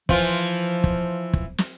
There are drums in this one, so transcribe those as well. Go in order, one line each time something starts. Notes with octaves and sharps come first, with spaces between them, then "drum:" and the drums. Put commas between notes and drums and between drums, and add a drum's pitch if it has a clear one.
E3 F3 F4 C5, drum: kick
drum: kick
drum: kick
drum: snare